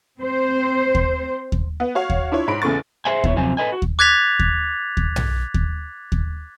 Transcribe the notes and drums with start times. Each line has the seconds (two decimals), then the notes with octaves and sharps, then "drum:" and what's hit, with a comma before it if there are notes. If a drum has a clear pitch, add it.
0.19 C4 C5
0.95 drum: kick D#2
1.52 drum: kick D#2
1.80 B3
1.95 F#4 C#5 F5
2.10 drum: kick D#2
2.32 D4 E4 F4 C#5
2.48 G#2 B5 D7
2.62 E2 C#3 A3 C#6 A6
3.05 G#4 C5 E5 F#5 G#5
3.24 B3 E4 C#5, drum: kick D#2
3.36 F#2 C3 F3 G#5
3.57 A4 B4 D#5 G#5
3.72 F#4
3.82 drum: kick D#2
3.99 D6 F#6 G#6 A6 B6 F7
4.39 drum: kick D#2
4.97 drum: kick D#2
5.16 drum: tom B1
5.54 drum: kick D#2
6.12 drum: kick D#2